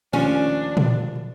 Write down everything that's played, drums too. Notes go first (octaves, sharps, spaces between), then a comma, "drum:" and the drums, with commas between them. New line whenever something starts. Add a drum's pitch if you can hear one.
D#2 F3 C#4 D4
drum: tom A#2